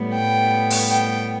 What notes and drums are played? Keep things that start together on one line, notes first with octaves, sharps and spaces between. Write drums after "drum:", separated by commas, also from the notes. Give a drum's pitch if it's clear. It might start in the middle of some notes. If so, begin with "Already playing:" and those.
Already playing: A2 G3 B3
G5
drum: open hi-hat
G5